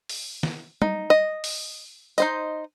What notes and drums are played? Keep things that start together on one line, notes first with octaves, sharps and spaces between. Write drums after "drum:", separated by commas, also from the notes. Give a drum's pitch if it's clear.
drum: open hi-hat
drum: snare
D#4, drum: tom G3
D#5
drum: open hi-hat
D#4 C5 D#5, drum: hi-hat